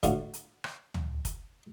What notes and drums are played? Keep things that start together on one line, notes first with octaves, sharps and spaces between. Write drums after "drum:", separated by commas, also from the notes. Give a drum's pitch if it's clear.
A2 D3 F4 F#4, drum: kick, hi-hat
drum: hi-hat
drum: rim click
drum: tom
drum: kick, hi-hat